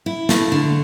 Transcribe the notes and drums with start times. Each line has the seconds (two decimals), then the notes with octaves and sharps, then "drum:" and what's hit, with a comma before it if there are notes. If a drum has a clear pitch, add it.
0.06 E4
0.29 A3, drum: snare
0.52 D3